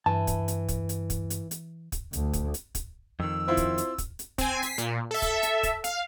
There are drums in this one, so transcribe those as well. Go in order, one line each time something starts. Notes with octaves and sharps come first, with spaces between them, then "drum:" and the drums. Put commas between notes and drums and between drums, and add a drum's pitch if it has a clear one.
G2 E3 A5
drum: kick, hi-hat
drum: hi-hat
drum: kick, hi-hat
drum: hi-hat
drum: kick, hi-hat
drum: hi-hat
drum: hi-hat
drum: kick, hi-hat
D2, drum: hi-hat
drum: kick, hi-hat
drum: hi-hat
drum: kick, hi-hat
F2 D#3 E6
C4 E4 F4
drum: kick, hi-hat
drum: hi-hat
drum: kick, hi-hat
drum: hi-hat
C4 G#5, drum: kick, hi-hat
B6 C7, drum: hi-hat
A#2, drum: hi-hat
A4 E5
drum: kick, hi-hat
drum: hi-hat
drum: kick, hi-hat
F5, drum: hi-hat